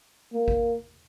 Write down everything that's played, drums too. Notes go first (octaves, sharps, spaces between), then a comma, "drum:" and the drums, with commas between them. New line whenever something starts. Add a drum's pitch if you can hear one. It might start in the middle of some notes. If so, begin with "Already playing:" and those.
A#3
drum: kick G#1